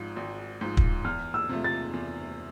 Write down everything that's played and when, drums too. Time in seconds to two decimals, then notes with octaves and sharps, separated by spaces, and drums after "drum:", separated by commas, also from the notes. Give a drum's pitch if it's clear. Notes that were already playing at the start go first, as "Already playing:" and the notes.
Already playing: G#1 G#2 F3
0.16 G#1
0.61 G#2 F3
0.77 drum: kick
1.04 E2 F6
1.34 E6
1.49 C3 F3 A3
1.64 A6
1.93 E2